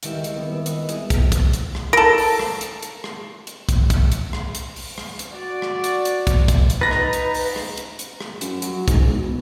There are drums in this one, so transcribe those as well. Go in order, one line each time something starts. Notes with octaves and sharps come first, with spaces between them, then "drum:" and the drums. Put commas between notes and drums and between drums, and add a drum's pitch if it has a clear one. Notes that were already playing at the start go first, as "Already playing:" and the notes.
C#2 D#3 G#3 E4 G4 E7, drum: hi-hat
drum: hi-hat
G3 B3 C4
D#1 E6 E7
B4 D#5 F#6, drum: hi-hat
E4 G#4 D#5, drum: hi-hat
drum: kick, hi-hat
drum: kick, hi-hat
drum: hi-hat
drum: rim click
A4 A#4
drum: open hi-hat
drum: rim click
drum: hi-hat
drum: hi-hat
drum: rim click
drum: hi-hat
drum: kick, hi-hat
drum: kick, hi-hat
drum: hi-hat
drum: rim click
drum: hi-hat
drum: open hi-hat
drum: rim click
drum: hi-hat
F#4 D5
drum: rim click
drum: hi-hat
drum: hi-hat
drum: kick, hi-hat
drum: kick, hi-hat
drum: hi-hat
D#4 B4 A#5 A6 A#6
drum: rim click
drum: hi-hat
drum: open hi-hat
drum: rim click
drum: hi-hat
drum: hi-hat
drum: rim click
F#2, drum: hi-hat
F#3, drum: hi-hat
G#2, drum: kick, hi-hat
E1
B2